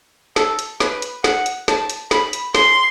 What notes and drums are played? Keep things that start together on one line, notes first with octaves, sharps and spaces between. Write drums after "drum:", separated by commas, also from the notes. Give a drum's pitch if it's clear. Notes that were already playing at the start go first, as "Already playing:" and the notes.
A4, drum: snare
drum: hi-hat
B4, drum: snare
drum: hi-hat
F#5, drum: snare
drum: hi-hat
A5, drum: snare
drum: hi-hat
B5, drum: snare
drum: hi-hat
C6, drum: snare